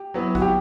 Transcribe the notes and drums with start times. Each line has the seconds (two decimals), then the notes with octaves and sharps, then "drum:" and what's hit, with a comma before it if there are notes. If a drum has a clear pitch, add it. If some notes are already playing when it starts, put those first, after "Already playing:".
Already playing: G4
0.14 F#3 B3 E4
0.35 F#4, drum: kick A1
0.42 G4